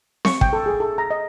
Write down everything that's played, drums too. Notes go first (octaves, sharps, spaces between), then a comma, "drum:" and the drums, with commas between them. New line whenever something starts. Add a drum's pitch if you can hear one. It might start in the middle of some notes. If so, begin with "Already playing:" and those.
C#6, drum: snare C4
G5, drum: kick
A4
G#4
A4
A#5
D#5